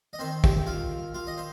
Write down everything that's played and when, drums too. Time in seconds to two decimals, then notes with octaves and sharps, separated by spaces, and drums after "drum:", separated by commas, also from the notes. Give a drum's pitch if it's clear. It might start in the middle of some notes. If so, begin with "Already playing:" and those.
0.13 D#5
0.19 D#3 C4 C5
0.44 G4, drum: kick
0.67 F4
1.14 F4
1.27 D#5
1.38 C5